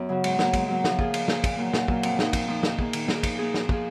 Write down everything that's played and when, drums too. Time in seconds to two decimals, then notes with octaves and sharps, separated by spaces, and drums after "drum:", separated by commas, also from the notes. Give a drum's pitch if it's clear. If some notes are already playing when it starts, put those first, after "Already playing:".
Already playing: F#2 B3
0.09 C#3 F#3 C#4 F#4
0.24 G#2, drum: cymbal
0.39 F#3 A#3, drum: snare
0.53 G#2, drum: kick, cymbal
0.69 F#3 A#3
0.84 F3, drum: snare
0.99 A#3 F4 G#4, drum: kick
1.14 F3, drum: cymbal
1.28 A#3 F4 G#4, drum: snare
1.44 A#2, drum: kick, cymbal
1.59 F#3 A#3 F4
1.73 A#2, drum: snare
1.88 F#3 A#3 F4, drum: kick
2.03 F2, drum: cymbal
2.19 F3 A#3 D#4, drum: snare
2.33 F2, drum: kick, cymbal
2.48 F3 A#3 D#4
2.63 D#3, drum: snare
2.79 A#3 F4 G#4, drum: kick
2.93 D#3, drum: cymbal
3.08 A#3 F4 G#4, drum: snare
3.23 F3, drum: kick, cymbal
3.39 A#3 F4 G#4
3.54 F3, drum: snare
3.69 A#3 F4 G#4, drum: kick